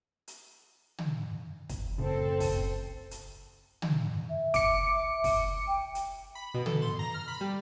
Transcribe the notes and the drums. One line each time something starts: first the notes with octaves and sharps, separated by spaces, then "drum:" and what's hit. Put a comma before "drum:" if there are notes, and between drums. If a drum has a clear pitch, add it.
drum: hi-hat
drum: tom
drum: kick, hi-hat
F#2 A2 C#3 C4 A4 C5
drum: kick, open hi-hat
drum: hi-hat
drum: tom
E5
D6 C#7, drum: kick, hi-hat
drum: kick, open hi-hat
G5
drum: hi-hat
B5
B2
A4, drum: tom
C6
A#5
F6
B5
G3